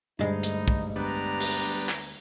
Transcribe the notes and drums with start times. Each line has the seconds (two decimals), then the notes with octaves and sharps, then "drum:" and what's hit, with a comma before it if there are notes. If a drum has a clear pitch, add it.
0.19 D2 G2 G#3 D#4
0.43 drum: hi-hat
0.68 drum: kick
0.96 G3 B3 D4 A#5
1.40 drum: open hi-hat
1.89 drum: clap